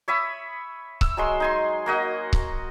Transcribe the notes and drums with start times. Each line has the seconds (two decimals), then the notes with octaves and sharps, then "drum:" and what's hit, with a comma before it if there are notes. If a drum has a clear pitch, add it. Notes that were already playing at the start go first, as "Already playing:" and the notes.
0.08 C#5 E5 B5 D#6
1.01 E6, drum: kick C#1
1.17 F#3 G#3 C6
1.40 D#4 G#5 C6
1.86 A#3 F#4 D#5
2.33 drum: kick C#1